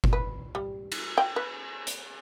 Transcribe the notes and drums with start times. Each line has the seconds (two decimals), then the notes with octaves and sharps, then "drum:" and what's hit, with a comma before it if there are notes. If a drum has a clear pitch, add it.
0.04 drum: kick G1
0.13 B4
0.55 G3
0.92 drum: cymbal
1.18 G5
1.36 B4
1.87 drum: hi-hat